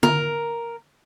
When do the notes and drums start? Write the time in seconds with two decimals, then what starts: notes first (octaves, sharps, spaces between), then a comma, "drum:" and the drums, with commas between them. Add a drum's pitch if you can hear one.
0.03 A#4, drum: tom D3